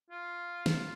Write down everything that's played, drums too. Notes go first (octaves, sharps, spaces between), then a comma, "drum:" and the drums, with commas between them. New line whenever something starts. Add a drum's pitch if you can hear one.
F4
F4, drum: snare